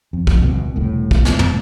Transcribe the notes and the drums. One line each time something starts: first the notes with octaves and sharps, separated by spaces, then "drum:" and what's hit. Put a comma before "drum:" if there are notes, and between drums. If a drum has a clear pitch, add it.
F2
drum: kick
D1 G1 C2 B2
E1 C2 A2
drum: kick
drum: snare
drum: tom